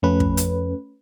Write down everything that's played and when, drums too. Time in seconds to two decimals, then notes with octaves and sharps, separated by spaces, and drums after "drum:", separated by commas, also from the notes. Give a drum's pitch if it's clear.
0.03 F2 A3 C#4 B4
0.20 drum: kick
0.37 drum: hi-hat